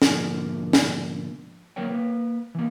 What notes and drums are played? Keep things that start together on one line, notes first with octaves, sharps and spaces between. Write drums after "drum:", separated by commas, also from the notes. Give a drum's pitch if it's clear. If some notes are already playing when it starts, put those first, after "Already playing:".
G#2 B2 D3 F3 A3 A#3, drum: snare
drum: snare
D2 F#3 A#3 A#4 C#5 G5
A#3 B4
E3 A#3